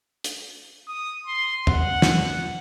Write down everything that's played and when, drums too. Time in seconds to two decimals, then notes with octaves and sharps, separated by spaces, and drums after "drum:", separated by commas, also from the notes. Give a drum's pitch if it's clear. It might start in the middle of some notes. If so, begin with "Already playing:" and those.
0.24 drum: hi-hat
0.88 D#6
1.27 C6
1.67 F#5, drum: tom E2
2.02 drum: snare